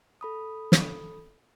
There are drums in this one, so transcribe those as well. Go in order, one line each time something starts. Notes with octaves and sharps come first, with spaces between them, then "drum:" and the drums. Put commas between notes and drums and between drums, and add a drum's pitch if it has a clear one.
A4 B5 D#6
drum: snare